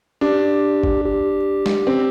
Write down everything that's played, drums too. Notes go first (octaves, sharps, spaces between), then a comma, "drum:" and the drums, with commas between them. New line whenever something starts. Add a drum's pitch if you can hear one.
D4 G4
drum: kick
G4
drum: snare
C4